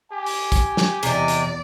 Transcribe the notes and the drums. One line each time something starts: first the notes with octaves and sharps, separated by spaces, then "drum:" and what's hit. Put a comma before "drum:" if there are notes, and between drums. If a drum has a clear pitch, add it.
G4 G#5
drum: open hi-hat
drum: kick, hi-hat
drum: snare
E2 C3 D5 D#5, drum: hi-hat
drum: hi-hat